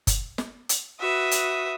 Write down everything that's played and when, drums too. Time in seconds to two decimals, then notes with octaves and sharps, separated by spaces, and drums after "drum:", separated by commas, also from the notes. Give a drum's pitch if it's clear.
0.07 drum: kick F#1, hi-hat
0.38 drum: snare
0.69 drum: hi-hat
1.00 F#4 B4 E5 D#6
1.31 drum: hi-hat